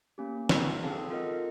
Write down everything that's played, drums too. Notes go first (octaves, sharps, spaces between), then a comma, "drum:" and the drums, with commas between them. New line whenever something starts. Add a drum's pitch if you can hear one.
A#3 C#4 G4
drum: snare
D#4 F5 C6
C4 G#4 A4 F5 A5
F4 A4 A#4 D#5 F#5